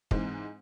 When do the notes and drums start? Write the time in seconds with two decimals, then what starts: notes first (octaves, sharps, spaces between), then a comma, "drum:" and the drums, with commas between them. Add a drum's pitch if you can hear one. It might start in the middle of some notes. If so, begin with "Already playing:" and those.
0.11 G#2 E3 G#3 C4, drum: kick